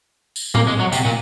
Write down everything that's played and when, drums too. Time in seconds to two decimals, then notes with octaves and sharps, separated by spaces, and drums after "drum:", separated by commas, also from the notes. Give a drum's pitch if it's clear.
0.36 drum: tambourine
0.55 A#3, drum: tom A2
0.67 G#3
0.80 F#3
0.92 C3, drum: tambourine
1.05 A#2